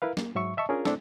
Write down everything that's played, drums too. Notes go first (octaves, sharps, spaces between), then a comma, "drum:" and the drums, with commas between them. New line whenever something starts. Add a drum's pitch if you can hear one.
E4 A#4 B4 F5
A#3, drum: snare
G#2 F#3 E5 C#6
D#5 E5 A5 C#6
C#4 D4 F4 G#4 A#4
A3 C4 D4 E4 A4, drum: snare